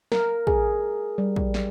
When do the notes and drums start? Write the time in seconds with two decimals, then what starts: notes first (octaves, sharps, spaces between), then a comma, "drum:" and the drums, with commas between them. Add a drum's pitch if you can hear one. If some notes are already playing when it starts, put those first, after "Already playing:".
0.12 A#4, drum: snare
0.47 G#4, drum: kick
1.18 G3
1.36 drum: kick
1.54 drum: snare